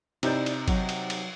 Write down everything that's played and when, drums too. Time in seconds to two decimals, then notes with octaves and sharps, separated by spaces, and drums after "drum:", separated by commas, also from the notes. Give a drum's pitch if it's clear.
0.23 C3 D#4 E4 D5 G6, drum: cymbal
0.46 drum: cymbal
0.68 F#3, drum: kick G#1, cymbal
0.89 drum: cymbal
1.10 drum: cymbal